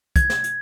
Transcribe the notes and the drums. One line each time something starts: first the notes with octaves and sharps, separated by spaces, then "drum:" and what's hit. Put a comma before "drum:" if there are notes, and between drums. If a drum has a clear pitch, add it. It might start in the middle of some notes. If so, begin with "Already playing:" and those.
G#6, drum: kick, hi-hat
drum: snare
drum: hi-hat